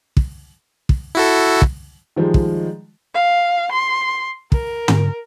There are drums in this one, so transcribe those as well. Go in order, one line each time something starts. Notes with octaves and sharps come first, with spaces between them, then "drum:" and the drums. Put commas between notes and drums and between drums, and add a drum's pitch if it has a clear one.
drum: kick
drum: kick
E4 F#4 A4
drum: kick
D#3 F3 G3 G#3
drum: kick
F5
C6
A#4, drum: kick
drum: tom